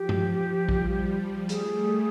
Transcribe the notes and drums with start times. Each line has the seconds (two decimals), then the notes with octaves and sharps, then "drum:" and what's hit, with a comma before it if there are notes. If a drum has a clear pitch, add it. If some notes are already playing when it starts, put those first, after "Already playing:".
Already playing: F3 G4
0.09 drum: tom G2
0.69 F3 G3, drum: kick A#1
1.49 G3 A3 G#4, drum: hi-hat